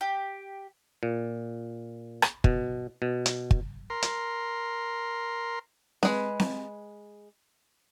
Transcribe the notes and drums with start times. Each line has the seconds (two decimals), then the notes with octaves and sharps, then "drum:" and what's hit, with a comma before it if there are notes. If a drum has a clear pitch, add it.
0.01 G4
1.03 A#2
2.22 drum: rim click
2.44 B2, drum: kick
3.02 B2
3.26 drum: hi-hat
3.51 drum: kick
3.90 A#4 C6
4.02 drum: hi-hat
6.03 G#3 B4, drum: snare C4
6.40 drum: snare C4